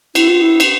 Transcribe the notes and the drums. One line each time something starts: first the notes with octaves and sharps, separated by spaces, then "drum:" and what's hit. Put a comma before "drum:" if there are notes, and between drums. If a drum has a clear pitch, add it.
E4, drum: cymbal
F4
E4
drum: cymbal